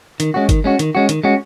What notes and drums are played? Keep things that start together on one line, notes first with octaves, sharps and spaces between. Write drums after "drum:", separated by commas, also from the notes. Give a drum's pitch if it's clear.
D#3, drum: hi-hat
G#3 C#4 F#4
D#3, drum: kick G1, hi-hat
G#3 C#4 F#4
D#3, drum: hi-hat
G#3 C#4 F#4
D#3, drum: hi-hat
G#3 C#4 F#4